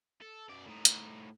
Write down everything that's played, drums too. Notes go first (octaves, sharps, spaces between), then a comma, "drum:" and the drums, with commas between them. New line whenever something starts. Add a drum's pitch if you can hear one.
A4
F#2 D5
A2 D#4
drum: hi-hat